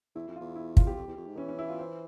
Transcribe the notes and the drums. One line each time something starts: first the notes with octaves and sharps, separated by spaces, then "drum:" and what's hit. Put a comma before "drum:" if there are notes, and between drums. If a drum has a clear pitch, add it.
E2 E4
F2
E2 F4
E4
F4, drum: kick
G4
F2
E2
F2
G#2
E3 C#4
C#4
E4
F4
C5